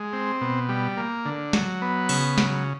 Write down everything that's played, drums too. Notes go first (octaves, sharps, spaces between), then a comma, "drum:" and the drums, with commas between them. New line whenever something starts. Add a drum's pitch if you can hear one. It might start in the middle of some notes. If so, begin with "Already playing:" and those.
Already playing: G#3
C4
B2
G3
A#3
D3
F#3, drum: snare
B3
C#3, drum: open hi-hat
F#3, drum: snare